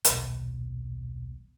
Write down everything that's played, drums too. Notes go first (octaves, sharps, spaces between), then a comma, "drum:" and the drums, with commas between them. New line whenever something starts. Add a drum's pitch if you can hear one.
D#1 B1 F#3, drum: hi-hat